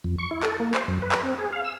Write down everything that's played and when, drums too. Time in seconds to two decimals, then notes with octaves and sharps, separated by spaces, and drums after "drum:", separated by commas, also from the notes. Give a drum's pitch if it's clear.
0.04 F2
0.18 C#6
0.31 E4
0.43 A4, drum: clap
0.60 A#3
0.74 C5, drum: clap
0.88 F#2
1.02 B4
1.12 drum: clap
1.23 C4
1.38 G#4
1.53 F5
1.64 E6